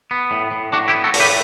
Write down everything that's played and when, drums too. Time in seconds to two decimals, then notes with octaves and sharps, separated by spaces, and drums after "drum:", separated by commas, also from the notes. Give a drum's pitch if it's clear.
0.11 B3
0.31 A2
0.51 A2
0.72 A2 D4 F#4
0.88 E4 G4
0.94 B3
1.04 F#4 A4
1.14 A2, drum: open hi-hat
1.20 G4 B4